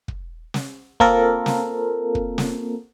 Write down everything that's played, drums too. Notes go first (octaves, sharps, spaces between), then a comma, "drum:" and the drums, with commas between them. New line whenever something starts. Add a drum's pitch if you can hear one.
drum: kick
drum: snare
A#3 C4 F4 A4 A#4, drum: kick
drum: snare
drum: kick
drum: snare